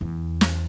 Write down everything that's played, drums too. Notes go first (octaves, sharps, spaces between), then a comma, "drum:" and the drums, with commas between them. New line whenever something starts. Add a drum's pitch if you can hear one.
E2
drum: snare